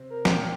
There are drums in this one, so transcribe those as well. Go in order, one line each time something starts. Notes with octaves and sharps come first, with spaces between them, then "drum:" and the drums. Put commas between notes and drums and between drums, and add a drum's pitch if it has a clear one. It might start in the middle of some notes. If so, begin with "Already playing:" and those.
Already playing: C3 C4
A#4
A#2 A#3 G5, drum: snare